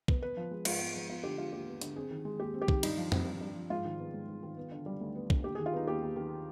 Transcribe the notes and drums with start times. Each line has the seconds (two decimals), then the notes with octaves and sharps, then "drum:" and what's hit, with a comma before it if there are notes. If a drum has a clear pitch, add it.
0.08 B3, drum: kick
0.22 B3 B4
0.37 F3
0.51 G#3
0.65 G#2 F4, drum: cymbal
0.80 B3
0.94 F3
1.10 B3 F4
1.23 D3 G4
1.38 G#3 F4
1.53 D#2 G4
1.68 B3
1.81 D3, drum: hi-hat
1.96 C4 G#4
2.11 D#3
2.25 G#3
2.40 D#2 G4
2.54 C4
2.62 G4
2.68 D#3, drum: kick
2.83 G2 D#4, drum: cymbal
2.97 F3
3.12 C4, drum: tom F2
3.27 G2
3.41 G2
3.56 F3
3.70 G#2 F4
3.85 D#3
3.99 B3
4.13 G#2
4.28 G#2
4.43 D#3
4.57 B3
4.72 D3
4.86 G3
5.01 D2
5.15 B3
5.30 D3, drum: kick
5.44 D#2 G4
5.55 G#4
5.59 D#3
5.66 F4
5.73 B3 D#4
5.87 D#2 G4
6.02 D#2
6.16 D#3